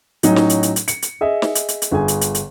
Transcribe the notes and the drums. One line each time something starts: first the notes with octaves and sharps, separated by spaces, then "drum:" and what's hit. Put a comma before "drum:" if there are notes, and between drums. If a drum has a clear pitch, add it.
A2 F#3 C#4 D#4, drum: hi-hat
drum: snare
drum: hi-hat
drum: hi-hat
drum: hi-hat
C#7, drum: hi-hat
drum: hi-hat
G#4 D#5 E5
drum: snare
drum: hi-hat
drum: hi-hat
drum: hi-hat
G1 G#4 G#5
drum: hi-hat
drum: hi-hat
drum: hi-hat